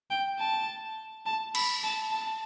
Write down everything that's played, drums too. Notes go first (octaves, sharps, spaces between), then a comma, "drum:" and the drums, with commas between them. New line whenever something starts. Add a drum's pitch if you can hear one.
G5
A5
A5
B5, drum: cymbal
A5
A5